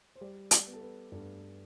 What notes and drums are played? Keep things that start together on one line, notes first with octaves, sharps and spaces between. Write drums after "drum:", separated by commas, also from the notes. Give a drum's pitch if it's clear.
C5
G3 D5
D5, drum: hi-hat
B3
A4
B4
G2 A4